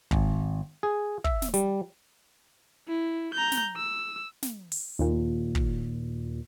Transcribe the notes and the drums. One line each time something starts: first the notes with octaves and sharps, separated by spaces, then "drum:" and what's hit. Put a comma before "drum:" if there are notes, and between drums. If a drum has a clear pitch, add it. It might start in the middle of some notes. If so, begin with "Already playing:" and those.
G#1, drum: kick
G#4
E5, drum: kick
drum: snare
G3, drum: hi-hat
E4
A#5 G6
drum: snare
E6
drum: snare
drum: open hi-hat
D#2 A#2
drum: kick